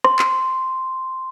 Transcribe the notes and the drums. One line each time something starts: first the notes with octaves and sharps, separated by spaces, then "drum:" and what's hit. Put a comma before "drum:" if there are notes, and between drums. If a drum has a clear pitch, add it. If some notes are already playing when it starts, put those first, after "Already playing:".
C6, drum: rim click
drum: clap